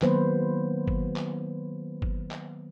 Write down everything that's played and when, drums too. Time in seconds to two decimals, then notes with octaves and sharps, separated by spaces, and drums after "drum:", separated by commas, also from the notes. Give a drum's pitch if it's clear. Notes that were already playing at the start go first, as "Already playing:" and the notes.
0.02 D#3 F#3 A#3 B3 B4 C5, drum: clap
0.87 drum: kick G1
1.16 drum: clap
2.02 drum: kick G1
2.31 drum: clap